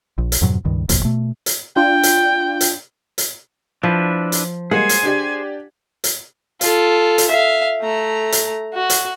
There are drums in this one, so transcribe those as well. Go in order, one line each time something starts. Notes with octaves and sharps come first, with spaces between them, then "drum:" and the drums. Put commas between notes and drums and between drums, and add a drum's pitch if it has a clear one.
A#1
drum: hi-hat
F2 G#2 B2 F#3
C#2 G2 D#3
G1 C2 F2 A#2, drum: hi-hat
B2 A3
drum: hi-hat
D4 F4 G5
drum: hi-hat
drum: hi-hat
drum: hi-hat
F3 D4 E4 B4
drum: hi-hat
G3 G#3 A#3 G#4 C5 F#5 G#5
drum: hi-hat
D4 G4 D5
drum: hi-hat
F4 A4, drum: hi-hat
drum: hi-hat
E5 F5
A3 A#5
drum: hi-hat
F#4
drum: hi-hat